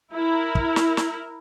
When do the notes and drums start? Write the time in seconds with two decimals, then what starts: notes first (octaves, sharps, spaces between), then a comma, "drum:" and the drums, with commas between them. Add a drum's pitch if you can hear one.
0.13 E4 A#4
0.55 drum: kick
0.76 drum: snare
0.97 drum: snare